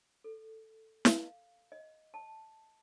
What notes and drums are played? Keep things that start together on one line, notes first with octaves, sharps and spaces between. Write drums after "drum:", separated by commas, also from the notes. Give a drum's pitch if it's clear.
A4
F5, drum: snare
D#5
A5